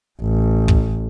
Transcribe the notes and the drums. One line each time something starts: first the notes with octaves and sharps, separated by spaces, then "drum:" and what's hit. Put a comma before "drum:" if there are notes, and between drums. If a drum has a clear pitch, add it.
A1
drum: kick